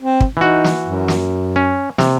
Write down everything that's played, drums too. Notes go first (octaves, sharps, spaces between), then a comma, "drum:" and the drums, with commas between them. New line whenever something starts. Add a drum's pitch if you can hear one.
C4
drum: kick
E3 D#4 F#4
drum: snare
F#2
drum: snare
C#4
C3, drum: snare